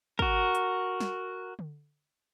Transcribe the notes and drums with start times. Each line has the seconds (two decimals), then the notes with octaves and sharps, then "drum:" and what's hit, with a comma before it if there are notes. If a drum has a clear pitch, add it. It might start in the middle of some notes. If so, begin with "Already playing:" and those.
0.19 F#4 A#4, drum: kick
0.55 drum: hi-hat
1.00 drum: snare
1.59 drum: tom D3